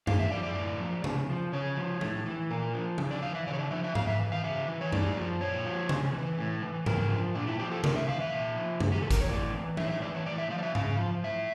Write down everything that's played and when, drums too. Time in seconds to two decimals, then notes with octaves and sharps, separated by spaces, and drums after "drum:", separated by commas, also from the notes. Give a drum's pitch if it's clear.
0.07 A#2 F5, drum: tom F#2
0.19 E5
0.31 F3 D5
0.43 D5
0.55 A2
0.80 F3
1.04 C#3, drum: tom C3
1.29 F3
1.52 C#3 C#5
1.77 F3
2.01 A2, drum: tom F3
2.26 E3
2.50 A#2 A#4
2.74 F3
2.98 C#3, drum: tom F3
3.11 D5
3.22 E3 F5
3.35 E5
3.47 C#3 D5
3.53 C#5
3.59 D5
3.71 F3 E5
3.84 E5
3.95 C#3 F5, drum: tom G#2
4.07 E5
4.19 E3
4.32 F5
4.44 C#3 E5
4.68 E3
4.81 C#5
4.92 A2 D5, drum: tom F#2
5.17 F3
5.41 A#2 C#5
5.66 F3
5.89 C#3, drum: tom C3
6.14 E3
6.38 A2
6.62 E3
6.86 C#3 A#4, drum: tom G#2
7.10 F3
7.35 A#2 D4
7.47 E4
7.59 F3 G4
7.72 A4
7.84 A2 A#4, drum: tom C3
7.96 E5
8.08 E3 F5
8.21 E5
8.32 A#2
8.56 F3
8.80 C#3, drum: tom F#2
8.92 G4
9.02 E3 A4
9.11 A#4, drum: kick G#1, hi-hat
9.21 C#5
9.29 A2 D5
9.54 E3
9.77 A2 E5, drum: tom F3
9.90 E5
10.02 E3 D5
10.15 C#5
10.26 A2 D5
10.38 E5
10.50 F3 F5
10.58 D5
10.63 E5
10.75 C#3 F5, drum: tom G#2
10.98 F3
11.24 A2 E5